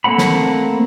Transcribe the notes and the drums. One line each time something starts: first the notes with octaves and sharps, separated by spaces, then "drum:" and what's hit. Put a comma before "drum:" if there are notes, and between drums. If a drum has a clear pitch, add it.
A3 A#3 C4 F#5 B5
drum: snare